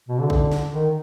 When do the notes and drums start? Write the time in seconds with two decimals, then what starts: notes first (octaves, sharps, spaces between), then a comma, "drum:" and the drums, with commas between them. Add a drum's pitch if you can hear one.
0.09 B2
0.19 D3
0.30 drum: kick A1
0.51 drum: snare
0.73 D#3